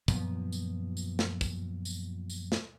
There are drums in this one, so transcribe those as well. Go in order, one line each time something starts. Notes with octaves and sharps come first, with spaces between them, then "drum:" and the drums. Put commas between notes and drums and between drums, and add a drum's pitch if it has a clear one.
F#2 A#2 F3 B3, drum: kick, tambourine
drum: tambourine
drum: tambourine
drum: snare
drum: kick, tambourine
drum: tambourine
drum: tambourine
drum: snare